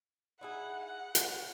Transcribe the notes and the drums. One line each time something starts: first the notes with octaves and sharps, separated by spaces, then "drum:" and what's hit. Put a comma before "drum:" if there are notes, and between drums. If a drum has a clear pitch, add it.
D#4 E4 G#4 F#5
F#5
C#4, drum: hi-hat